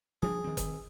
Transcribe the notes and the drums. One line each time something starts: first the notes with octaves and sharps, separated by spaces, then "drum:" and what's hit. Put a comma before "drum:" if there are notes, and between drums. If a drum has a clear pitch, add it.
F3 G3 D4 G#4
D#3 C4
drum: kick F#1, hi-hat